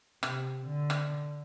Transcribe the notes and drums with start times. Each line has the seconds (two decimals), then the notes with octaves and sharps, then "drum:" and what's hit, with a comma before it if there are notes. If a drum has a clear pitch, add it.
0.23 C3, drum: rim click
0.67 D3
0.90 drum: rim click